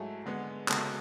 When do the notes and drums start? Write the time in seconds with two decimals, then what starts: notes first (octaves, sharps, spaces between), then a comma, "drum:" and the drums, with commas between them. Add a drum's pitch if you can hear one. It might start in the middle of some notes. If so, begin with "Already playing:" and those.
Already playing: G#2 F#3 A3 E4 G#4
0.26 D3 G#3 B3
0.68 C#3 G#3 B3 F#4 A4, drum: clap